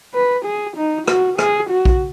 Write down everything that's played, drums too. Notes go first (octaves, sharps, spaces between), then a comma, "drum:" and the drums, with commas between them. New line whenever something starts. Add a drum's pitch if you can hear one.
B4
G#4
D#4
F#4, drum: rim click
G#4, drum: rim click
F#4
drum: kick A#1